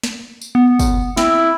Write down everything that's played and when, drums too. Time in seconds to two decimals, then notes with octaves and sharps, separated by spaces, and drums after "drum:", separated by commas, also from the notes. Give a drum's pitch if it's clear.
0.03 drum: snare
0.41 drum: tambourine
0.55 B3
0.79 drum: kick, tambourine
1.17 C4 E4, drum: snare